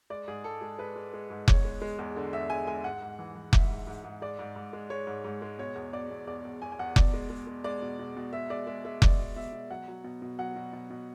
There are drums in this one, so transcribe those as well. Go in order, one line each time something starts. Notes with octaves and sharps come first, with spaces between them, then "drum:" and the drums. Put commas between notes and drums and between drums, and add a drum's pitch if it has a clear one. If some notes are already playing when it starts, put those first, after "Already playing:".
G#3 D5
G#2 G#4
G#3 A4
G#3 G#4
G#3 B4
G#3
G#3
G#2
E2 C#5, drum: kick F1
G#3
G#3
E2
D3
E2 E5
G#3 G#5
G#3 G#5
G#2 F#5
G#2
E3
E3
G#2 E5, drum: kick F1
G#2
G#2
G#2
G#3 D5
G#2
G#2
G#3
G#3 C#5
G#2
G#2
G#3
B2 C#5
E2
B2 D5
E2
E2 D5
E2
E2 G#5
G#5
E2 F#5
B2 D5, drum: kick F1
G#3
G#3
G#3
G#3 D5
B2
B2
B2
G#3 E5
G#3 D5
G#3 E5
G#3 E5
G#3 D5, drum: kick F1
B2
B2 E5
B2
F#3 F#5
F#3
B2
B2
F#3 F#5
B2
B2
B2